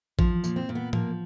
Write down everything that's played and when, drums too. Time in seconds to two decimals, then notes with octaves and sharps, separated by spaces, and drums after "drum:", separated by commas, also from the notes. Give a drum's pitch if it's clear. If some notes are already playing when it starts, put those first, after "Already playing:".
0.19 F3, drum: kick A1
0.44 A#2, drum: tambourine
0.56 C4
0.69 A#2
0.75 B3
0.93 F3 A#3, drum: tom A2